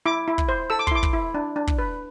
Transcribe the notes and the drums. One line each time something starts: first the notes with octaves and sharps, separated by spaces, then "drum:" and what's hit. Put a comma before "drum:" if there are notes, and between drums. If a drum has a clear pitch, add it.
E4 D6
E4
drum: kick
C5
A4 E6
D6
C6, drum: kick
E4 D6
drum: kick
E4
D4
D4
drum: kick
B4